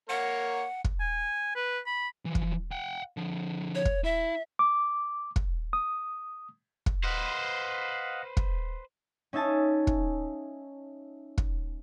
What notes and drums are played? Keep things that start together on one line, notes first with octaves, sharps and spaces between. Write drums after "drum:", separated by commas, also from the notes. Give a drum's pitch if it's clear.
A#3 A#4 C#5 F#5
drum: kick
G#5
B4
B5
E3 F3
drum: kick
F#5 G5
D3 F3
C#5
drum: kick
E4 E5
D6
drum: kick
D#6
drum: kick
B4 C5 D#5 F5 F#5
drum: kick
C#4 D#4 E5 G#5 A5
drum: kick
drum: kick